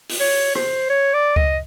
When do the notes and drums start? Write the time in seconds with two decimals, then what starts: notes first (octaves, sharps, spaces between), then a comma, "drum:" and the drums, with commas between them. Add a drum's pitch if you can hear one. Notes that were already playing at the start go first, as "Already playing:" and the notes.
0.09 drum: open hi-hat
0.20 C#5
0.55 C5, drum: rim click
0.90 C#5
1.14 D5
1.36 D#5, drum: kick C#2